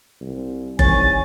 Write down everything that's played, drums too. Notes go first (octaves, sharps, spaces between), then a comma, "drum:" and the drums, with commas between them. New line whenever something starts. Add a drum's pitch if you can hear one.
C2
C2 D#3 C#5 G#5 A6, drum: kick F#1